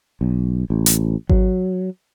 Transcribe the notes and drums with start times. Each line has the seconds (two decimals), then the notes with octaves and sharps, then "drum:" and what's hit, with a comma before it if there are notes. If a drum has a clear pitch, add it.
0.21 B1
0.70 A1
0.86 drum: hi-hat
1.29 F#3, drum: kick G#1